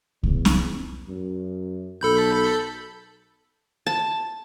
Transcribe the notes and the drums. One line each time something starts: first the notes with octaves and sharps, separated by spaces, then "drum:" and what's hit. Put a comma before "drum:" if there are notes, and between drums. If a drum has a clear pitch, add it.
E2, drum: kick C2
drum: snare
F#2
B1 A4 B5 G6
A5